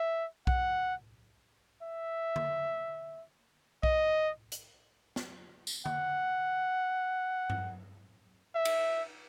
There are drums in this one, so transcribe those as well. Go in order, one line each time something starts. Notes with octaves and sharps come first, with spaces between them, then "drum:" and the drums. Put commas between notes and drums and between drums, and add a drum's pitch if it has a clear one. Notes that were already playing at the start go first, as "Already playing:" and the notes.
Already playing: E5
F#5, drum: kick B1
E5
drum: tom D3
D#5, drum: kick B1
drum: hi-hat
drum: snare
drum: tambourine
F#5, drum: tom D3
drum: tom G2
E5
drum: cymbal